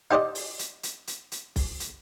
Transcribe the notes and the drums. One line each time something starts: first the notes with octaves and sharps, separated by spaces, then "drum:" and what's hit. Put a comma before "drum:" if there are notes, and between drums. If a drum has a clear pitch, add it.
D#4 G4 C5 D5 D#5
drum: open hi-hat
drum: hi-hat
drum: hi-hat
drum: hi-hat
drum: hi-hat
drum: kick B1, open hi-hat
drum: hi-hat